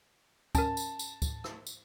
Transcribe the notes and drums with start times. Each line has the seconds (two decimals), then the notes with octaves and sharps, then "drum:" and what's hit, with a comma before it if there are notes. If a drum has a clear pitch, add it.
0.55 C#4 A#4 A5, drum: kick D2, tambourine
0.77 drum: tambourine
0.99 drum: tambourine
1.22 drum: kick D2, tambourine
1.44 drum: rim click
1.67 drum: tambourine